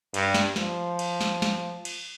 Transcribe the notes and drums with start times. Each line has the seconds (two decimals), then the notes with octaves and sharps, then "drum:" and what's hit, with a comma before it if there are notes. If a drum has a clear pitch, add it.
0.14 G2, drum: cymbal
0.34 drum: snare
0.56 F3, drum: snare
0.99 drum: cymbal
1.21 drum: snare
1.42 drum: snare
1.85 drum: cymbal